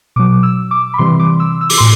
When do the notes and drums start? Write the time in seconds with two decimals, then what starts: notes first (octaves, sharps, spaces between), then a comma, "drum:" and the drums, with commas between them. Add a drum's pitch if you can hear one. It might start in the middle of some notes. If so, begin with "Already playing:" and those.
0.16 B2 F#3 D6
0.43 E6
0.71 D6
0.94 B5
0.98 C3 E3 G3 C6
1.20 D6
1.40 E6
1.61 E6
1.70 D6, drum: open hi-hat
1.78 A2 C6